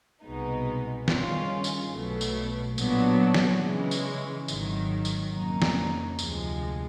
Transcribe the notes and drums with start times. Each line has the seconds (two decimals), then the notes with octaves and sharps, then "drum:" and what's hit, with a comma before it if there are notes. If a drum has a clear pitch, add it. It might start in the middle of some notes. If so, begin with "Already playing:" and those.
0.22 C2 B2 G#3 B3 D#4
1.08 G2 D#3 G#3 C#4 F4, drum: snare
1.64 drum: tambourine
1.93 B1 B2 F#3 A3
2.21 drum: tambourine
2.78 A#2 F#3 B3 D4, drum: tambourine
3.34 drum: snare
3.63 C#3 E3 G#3
3.91 drum: tambourine
4.48 G#1 G#2 D#3 F#3, drum: tambourine
5.05 drum: tambourine
5.33 F2 C#3 F#3 A#3 D#4
5.62 drum: snare
6.19 D2 C3 F3 G#3, drum: tambourine